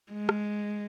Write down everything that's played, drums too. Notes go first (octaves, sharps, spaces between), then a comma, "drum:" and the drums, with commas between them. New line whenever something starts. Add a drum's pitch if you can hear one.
G#3
drum: rim click